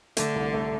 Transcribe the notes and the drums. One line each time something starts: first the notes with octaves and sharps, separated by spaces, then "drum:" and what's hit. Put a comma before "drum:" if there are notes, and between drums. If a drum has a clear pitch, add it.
D3 A3, drum: hi-hat
C2
A3